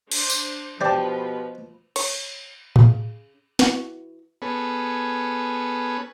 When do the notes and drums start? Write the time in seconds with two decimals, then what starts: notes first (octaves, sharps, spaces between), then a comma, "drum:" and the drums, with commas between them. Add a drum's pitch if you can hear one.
0.12 D4 C5, drum: cymbal
0.30 drum: tambourine
0.81 B2 F3 G4 B4 C5 D5 A5
1.96 C#5, drum: cymbal
2.76 C#3, drum: tom A2
3.59 E3 F#4, drum: snare
4.42 B3 C#4 G#4 A4 B4